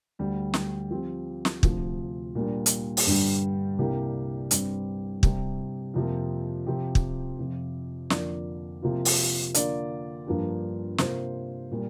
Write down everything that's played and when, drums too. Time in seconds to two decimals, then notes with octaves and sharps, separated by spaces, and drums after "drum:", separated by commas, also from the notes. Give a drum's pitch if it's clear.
0.19 D2 D3 G3
0.54 drum: snare
0.91 F3 C4 G4
1.45 drum: snare
1.63 D2 C3 F3, drum: kick
2.35 A#2 G3 D4
2.66 drum: hi-hat
2.97 drum: open hi-hat
3.07 G2 D3 G3
3.79 C2 C3 A#3 D4 G4
4.51 G2 G3 C4, drum: hi-hat
5.23 C3 G3 C4 G4, drum: kick
5.94 F2 C3 F3 A#3
6.66 C3 F3 C4 G4
6.95 drum: kick
7.38 F2 C3 F3
8.10 F2 D3 A#3 F4 D5, drum: snare
8.82 C3 F3 A#3 F4
9.05 drum: open hi-hat
9.54 D3 A#3 F4 D5, drum: hi-hat
10.26 G2 F3 A#3 D4 G4
10.98 C3 A#3 F4 C5, drum: snare
11.72 A#2 G3